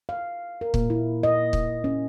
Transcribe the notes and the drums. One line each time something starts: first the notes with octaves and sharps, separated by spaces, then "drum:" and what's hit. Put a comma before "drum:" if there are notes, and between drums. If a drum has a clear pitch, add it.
F5
A#4
A#2, drum: kick
E4
D#5
drum: kick
C#4